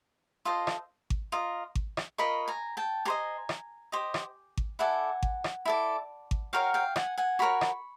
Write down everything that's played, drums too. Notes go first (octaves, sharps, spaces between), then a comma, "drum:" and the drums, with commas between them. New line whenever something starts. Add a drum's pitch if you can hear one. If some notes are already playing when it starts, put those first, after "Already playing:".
F4 A4 C5 D#5
drum: rim click
drum: kick G#1
F4 A#4 D#5
drum: kick G#1
drum: rim click
F4 A#4 D#5 B5 C#6
G#5 A#5
G5 A5
G4 C5 D#5 G#5 A#5
drum: rim click
G4 C5 D#5
drum: rim click
drum: kick G#1
E4 A4 D5 F#5 G#5
drum: kick G#1
drum: rim click
E4 A4 D5
drum: kick G#1
F#4 A#4 C#5 F5 G5
F5 G5
F#5 G#5, drum: rim click
F#5 G#5
F#4 A#4 C#5 B5 C#6
drum: rim click